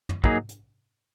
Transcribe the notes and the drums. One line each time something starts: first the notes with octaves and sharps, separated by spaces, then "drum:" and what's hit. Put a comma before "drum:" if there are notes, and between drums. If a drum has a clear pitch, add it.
drum: tom
F#3 A#3 D#4 G#4, drum: kick
drum: hi-hat